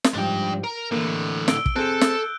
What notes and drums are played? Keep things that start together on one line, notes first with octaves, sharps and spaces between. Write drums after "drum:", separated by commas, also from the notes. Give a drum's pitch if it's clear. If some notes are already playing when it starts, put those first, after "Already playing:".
drum: snare
G#2 F3 G3 D4 G5
A#4
A2 D3 E3 A#3
E6 D7 G7, drum: snare
drum: kick
C4 G#4 A4 C5 F#6 G6
drum: snare